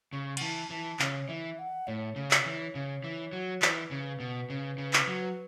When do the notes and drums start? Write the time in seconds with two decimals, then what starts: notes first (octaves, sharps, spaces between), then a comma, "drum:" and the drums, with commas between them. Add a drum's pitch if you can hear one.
0.12 C#3 C#6
0.37 F#5, drum: cymbal
0.41 E3 A5
0.70 E3 A5
0.99 C#3 C#5, drum: clap
1.28 E3 E5
1.59 F#5
1.87 A2 C#5
2.16 C#3
2.31 drum: clap
2.46 E3
2.75 C#3
3.04 E3
3.32 F#3
3.62 E3 B4, drum: clap
3.91 C#3
4.20 B2
4.50 C#3
4.78 C#3
4.93 drum: clap
5.07 F#3